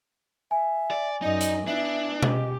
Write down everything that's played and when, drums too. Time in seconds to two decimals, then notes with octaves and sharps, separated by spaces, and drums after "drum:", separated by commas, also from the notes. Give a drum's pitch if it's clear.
0.51 E5 G#5
0.91 D5
1.22 F#2 D#4 D5 D#5
1.41 drum: hi-hat
1.67 B3 D4 E4 E5
2.23 G4 D#5, drum: tom B2